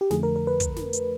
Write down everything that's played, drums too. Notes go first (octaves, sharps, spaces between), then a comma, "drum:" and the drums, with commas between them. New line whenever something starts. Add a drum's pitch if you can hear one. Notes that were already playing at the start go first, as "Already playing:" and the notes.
G4
F2 D3 F3 A3 G#4, drum: snare
A#4
A#4
B4
drum: kick, hi-hat
drum: snare
drum: hi-hat